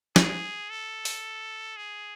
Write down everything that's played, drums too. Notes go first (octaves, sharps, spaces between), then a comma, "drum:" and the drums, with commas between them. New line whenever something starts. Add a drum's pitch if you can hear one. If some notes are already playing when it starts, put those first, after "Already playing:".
G#4, drum: snare
A4
drum: open hi-hat
G#4